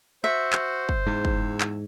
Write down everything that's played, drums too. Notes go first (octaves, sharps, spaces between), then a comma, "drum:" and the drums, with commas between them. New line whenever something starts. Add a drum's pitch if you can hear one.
F#4 C5 E5
drum: clap
drum: kick
E2 G#2
drum: kick
drum: clap